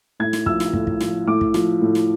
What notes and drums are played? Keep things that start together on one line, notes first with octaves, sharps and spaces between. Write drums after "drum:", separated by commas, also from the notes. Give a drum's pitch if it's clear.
A2 G#6
drum: snare
F3 E6, drum: kick
drum: snare
A2, drum: kick
drum: kick
F3, drum: snare
A2 D6
drum: kick
F3, drum: snare
A2
drum: snare